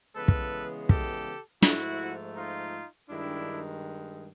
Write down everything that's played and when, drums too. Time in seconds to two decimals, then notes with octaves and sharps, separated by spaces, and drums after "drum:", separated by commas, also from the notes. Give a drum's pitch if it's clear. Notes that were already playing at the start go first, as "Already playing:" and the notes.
0.15 C#3 E3 G#3 B3 A4 B4
0.28 drum: kick
0.89 G4 A4, drum: kick
1.62 G#2 F3 A3 E4 F#4, drum: snare
2.36 D#4 F4
3.09 G2 D#3 G#3 D4 E4